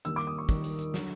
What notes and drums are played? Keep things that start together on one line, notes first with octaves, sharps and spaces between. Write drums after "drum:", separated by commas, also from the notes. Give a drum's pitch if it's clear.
D#2 D#3 G3 A#3 E6, drum: hi-hat
D6
D#6
C#6
D#2 D#3 G3 A#3, drum: kick, hi-hat
drum: hi-hat
drum: hi-hat
D3 F#3, drum: snare